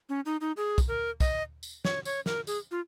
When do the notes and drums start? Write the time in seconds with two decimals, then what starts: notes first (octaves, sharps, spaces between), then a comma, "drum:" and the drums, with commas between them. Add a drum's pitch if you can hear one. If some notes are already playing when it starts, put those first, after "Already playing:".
0.09 C#4
0.25 D#4
0.41 D#4
0.57 G#4
0.78 drum: kick, tambourine
0.88 A#4
1.20 D#5, drum: kick, tambourine
1.63 drum: tambourine
1.85 C#5, drum: snare
2.05 C#5, drum: tambourine
2.26 A#4, drum: snare
2.47 G#4, drum: tambourine
2.71 F4